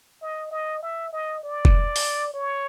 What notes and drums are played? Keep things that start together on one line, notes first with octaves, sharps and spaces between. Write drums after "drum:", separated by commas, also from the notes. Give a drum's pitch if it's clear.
D#5
D#5
E5
D#5
D5
drum: kick
drum: open hi-hat
C#5